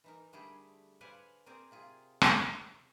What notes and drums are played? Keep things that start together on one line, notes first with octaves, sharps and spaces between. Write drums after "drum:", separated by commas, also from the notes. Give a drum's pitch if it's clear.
E3 D#4 A#4
D3 G3 A3 E4 G4 G#4
B4 C5 D5 F5 F#5 G#5
C4 G#4 A#4 C5 D5
C3 F4 G#4
drum: rim click